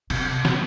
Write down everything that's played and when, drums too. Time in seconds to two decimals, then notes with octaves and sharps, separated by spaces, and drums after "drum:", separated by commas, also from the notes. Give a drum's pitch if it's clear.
0.10 C3, drum: cymbal
0.45 drum: snare